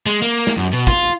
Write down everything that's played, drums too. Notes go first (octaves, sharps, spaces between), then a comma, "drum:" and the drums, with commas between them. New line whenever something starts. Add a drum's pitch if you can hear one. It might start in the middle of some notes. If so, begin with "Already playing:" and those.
G#3
A#3
drum: snare
F#2
B2
F4, drum: kick